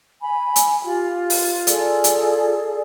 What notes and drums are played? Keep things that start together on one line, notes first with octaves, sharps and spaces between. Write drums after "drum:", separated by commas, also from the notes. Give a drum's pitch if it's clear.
G#5 B5
drum: hi-hat
F4 G4
drum: open hi-hat
G#4 A4 D5, drum: hi-hat
drum: hi-hat